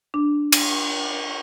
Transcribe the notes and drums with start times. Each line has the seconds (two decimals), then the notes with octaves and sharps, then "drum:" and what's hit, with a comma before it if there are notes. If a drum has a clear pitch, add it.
0.14 D4
0.52 drum: cymbal